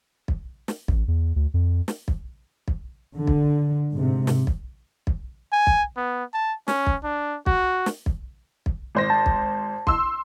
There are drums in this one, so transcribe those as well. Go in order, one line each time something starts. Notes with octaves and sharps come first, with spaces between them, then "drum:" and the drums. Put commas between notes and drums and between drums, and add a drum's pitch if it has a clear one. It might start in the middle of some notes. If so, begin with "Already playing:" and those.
drum: kick
drum: snare
A1, drum: kick
E2
D2
F2
drum: snare
drum: kick
drum: kick
D3
drum: kick
G#2 C3
drum: snare
drum: kick
drum: kick
G#5
drum: kick
B3
A5
C#4, drum: snare
drum: kick
D4
F#4, drum: kick
drum: snare
drum: kick
drum: kick
G#1 C5 A#6
A5
drum: kick
C6 E6, drum: kick